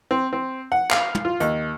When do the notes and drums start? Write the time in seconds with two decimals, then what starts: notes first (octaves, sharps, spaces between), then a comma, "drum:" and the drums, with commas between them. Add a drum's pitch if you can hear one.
0.11 C4
0.33 C4
0.72 F#5
0.91 F5, drum: clap
1.15 drum: tom
1.25 F4
1.40 D#2, drum: hi-hat